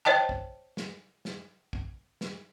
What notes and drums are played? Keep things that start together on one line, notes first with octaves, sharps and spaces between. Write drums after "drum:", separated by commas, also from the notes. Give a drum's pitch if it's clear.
C5 C#5 D#5 G5 A5
drum: kick
drum: snare
drum: snare
drum: kick
drum: snare